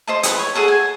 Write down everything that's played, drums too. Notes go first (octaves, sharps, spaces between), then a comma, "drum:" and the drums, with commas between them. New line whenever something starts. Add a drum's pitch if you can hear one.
C5 D#5 A5
B4 G5 D#6, drum: hi-hat
C#5
G#4 A4 F#5 A5
G#5